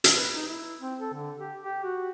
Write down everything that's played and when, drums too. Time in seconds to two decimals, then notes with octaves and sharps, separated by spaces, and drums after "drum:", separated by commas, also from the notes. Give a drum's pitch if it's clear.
0.04 drum: hi-hat
0.15 B4
0.33 D#4
0.48 E4
0.80 C4
1.01 A4
1.14 D3
1.39 G4
1.62 G4
1.84 F#4